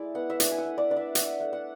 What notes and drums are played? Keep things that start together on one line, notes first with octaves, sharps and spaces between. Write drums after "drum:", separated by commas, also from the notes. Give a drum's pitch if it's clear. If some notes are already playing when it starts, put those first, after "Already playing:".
Already playing: G#3 A3 E4 D5 E5
B3 F#5
E5
D4 F#5, drum: hi-hat
G#5
F#5
A3
D5
D4 D5
E5
D4 F#5, drum: hi-hat
A3
F#5